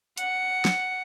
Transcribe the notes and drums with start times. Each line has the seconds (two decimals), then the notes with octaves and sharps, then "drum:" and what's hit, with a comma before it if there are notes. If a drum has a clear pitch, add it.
0.18 F#5, drum: hi-hat
0.65 drum: snare